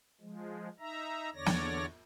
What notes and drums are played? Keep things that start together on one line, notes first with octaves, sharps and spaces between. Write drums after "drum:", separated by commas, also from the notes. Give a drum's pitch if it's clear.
F3 G#3
D#4 E5 A#5
E2 D3 C#5 D5 A#6
drum: snare